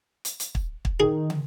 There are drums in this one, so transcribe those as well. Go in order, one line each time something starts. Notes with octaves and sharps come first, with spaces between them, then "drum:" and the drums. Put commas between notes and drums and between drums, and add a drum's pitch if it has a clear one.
drum: hi-hat
drum: hi-hat
drum: kick
drum: kick
D#3 G#4
drum: tom